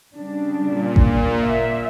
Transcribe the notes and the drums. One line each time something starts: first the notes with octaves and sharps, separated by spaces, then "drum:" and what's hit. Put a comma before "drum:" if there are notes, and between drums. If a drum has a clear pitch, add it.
C#3 G3 D4
A#2
drum: kick A1
E5